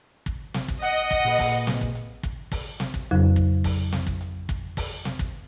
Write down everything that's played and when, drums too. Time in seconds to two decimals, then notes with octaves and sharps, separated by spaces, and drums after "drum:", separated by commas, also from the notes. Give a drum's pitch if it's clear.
0.26 drum: kick
0.54 drum: snare
0.68 drum: kick
0.82 D#5 F#5, drum: hi-hat
1.11 drum: kick, hi-hat
1.25 A#2 G#4 B4
1.39 drum: kick, open hi-hat
1.67 drum: snare
1.81 drum: kick
1.95 drum: hi-hat
2.23 drum: kick, hi-hat
2.52 drum: kick, open hi-hat
2.80 drum: snare
2.94 drum: kick
3.11 F2 C#3 F#3
3.36 drum: kick
3.64 drum: kick, open hi-hat
3.92 drum: snare
4.07 drum: kick
4.21 drum: hi-hat
4.49 drum: kick, hi-hat
4.77 drum: kick, open hi-hat
5.05 drum: snare
5.19 drum: kick